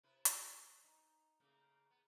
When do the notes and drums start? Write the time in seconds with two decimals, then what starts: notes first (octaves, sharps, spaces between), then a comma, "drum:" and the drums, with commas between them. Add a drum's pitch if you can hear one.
0.03 C3 E4 B4
0.25 C5, drum: hi-hat
0.84 D#4
1.40 A2 C#3 A#3
1.90 B3